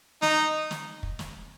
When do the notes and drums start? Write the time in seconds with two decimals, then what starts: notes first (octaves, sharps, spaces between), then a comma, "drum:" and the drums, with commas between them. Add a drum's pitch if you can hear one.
0.22 D#4, drum: snare
0.71 drum: snare
1.03 drum: kick
1.19 drum: snare